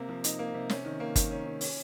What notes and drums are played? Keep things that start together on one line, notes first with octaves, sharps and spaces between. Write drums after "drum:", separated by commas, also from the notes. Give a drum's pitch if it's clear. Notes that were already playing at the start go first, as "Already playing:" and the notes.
Already playing: C3 A#3
F3
D#4, drum: hi-hat
A#3
C3
C#4, drum: snare
D#3
A#3
D#3, drum: kick G1, hi-hat
C#4
D#3
C#4, drum: open hi-hat